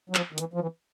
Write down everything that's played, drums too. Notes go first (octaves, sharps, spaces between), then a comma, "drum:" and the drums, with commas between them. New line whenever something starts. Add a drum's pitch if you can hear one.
F#3
F3, drum: clap
D#3
E3, drum: hi-hat
F3
E3